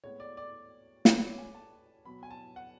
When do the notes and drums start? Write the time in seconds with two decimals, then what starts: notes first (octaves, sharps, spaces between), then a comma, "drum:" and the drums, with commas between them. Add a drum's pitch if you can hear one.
0.04 A2 G#3 B3 C#5
0.20 D5
0.37 D5
1.05 B4, drum: snare
1.22 C#5
1.38 G#5
1.54 A5
2.05 B2 F#3 B3 B5
2.23 G#5
2.31 A5
2.56 F#5